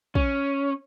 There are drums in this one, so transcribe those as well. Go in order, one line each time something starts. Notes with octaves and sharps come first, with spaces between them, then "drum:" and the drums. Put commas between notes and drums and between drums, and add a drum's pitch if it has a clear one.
C#4, drum: kick